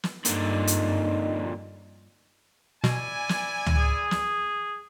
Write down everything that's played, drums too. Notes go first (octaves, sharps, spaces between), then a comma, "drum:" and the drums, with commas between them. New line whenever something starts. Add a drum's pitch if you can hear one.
drum: snare
G2 A#2 D3 D#4, drum: hi-hat
drum: hi-hat
B2 E4 D5 G#5, drum: snare
drum: snare
drum: tom C#2
G#4
drum: snare